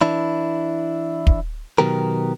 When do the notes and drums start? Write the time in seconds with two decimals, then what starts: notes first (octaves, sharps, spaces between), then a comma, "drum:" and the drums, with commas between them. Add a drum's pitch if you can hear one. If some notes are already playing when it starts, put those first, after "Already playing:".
0.01 E3 D4 E4
1.27 drum: kick
1.78 B2 D#3 F#3 B3 G4 A#4